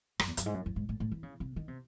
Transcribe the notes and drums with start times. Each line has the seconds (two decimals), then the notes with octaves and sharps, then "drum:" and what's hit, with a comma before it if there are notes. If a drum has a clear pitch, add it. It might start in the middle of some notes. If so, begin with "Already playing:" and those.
0.20 F#2, drum: rim click
0.28 E2
0.37 F#2, drum: hi-hat
0.46 G#2
0.54 F#2
0.66 F#2
0.76 G#2
0.89 A2
1.00 A2
1.12 E3
1.23 C#3
1.40 C3
1.56 D#3
1.68 C3